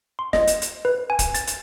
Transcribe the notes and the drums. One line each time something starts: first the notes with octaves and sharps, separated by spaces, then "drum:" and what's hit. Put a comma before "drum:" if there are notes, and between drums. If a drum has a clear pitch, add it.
C6
D#5, drum: snare
drum: hi-hat
drum: hi-hat
B4
G#5
drum: kick, hi-hat
A6, drum: hi-hat
drum: hi-hat